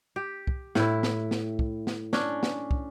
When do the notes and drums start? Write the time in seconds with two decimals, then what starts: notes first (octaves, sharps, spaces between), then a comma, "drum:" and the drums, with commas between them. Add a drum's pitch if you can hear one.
0.16 G4
0.47 drum: kick
0.75 A2 E4, drum: snare
1.03 drum: snare
1.31 drum: snare
1.59 drum: kick
1.87 drum: snare
2.13 C#4 D4, drum: snare
2.43 drum: snare
2.71 drum: kick